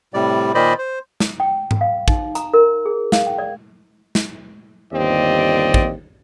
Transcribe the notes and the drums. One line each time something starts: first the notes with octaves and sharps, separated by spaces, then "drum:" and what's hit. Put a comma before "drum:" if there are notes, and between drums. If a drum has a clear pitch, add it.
A2 C3 G3 D5
A#2 D#3 C5 D5 D#5 B5
C5
drum: snare
G5
drum: tom G#2
F5
D#4, drum: kick
A#5, drum: hi-hat
A#4
G#4
F5, drum: snare
G5
D5
drum: snare
G1 D#2 C4 D5 D#5
drum: kick